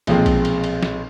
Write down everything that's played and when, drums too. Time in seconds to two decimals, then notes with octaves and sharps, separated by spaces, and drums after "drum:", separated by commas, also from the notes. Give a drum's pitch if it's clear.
0.07 B1 A#2 F3 G#3 C4, drum: cymbal
0.26 drum: kick A#1, cymbal
0.45 drum: cymbal
0.64 drum: cymbal
0.83 drum: snare